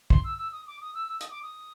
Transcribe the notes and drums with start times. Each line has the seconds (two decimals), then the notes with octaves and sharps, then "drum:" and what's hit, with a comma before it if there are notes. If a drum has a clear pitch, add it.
0.10 C6, drum: kick A#1
0.24 E6
0.38 E6
0.52 D#6
0.67 D6
0.81 D#6
0.95 E6
1.08 E6
1.21 D#6, drum: hi-hat
1.31 D6
1.43 D#6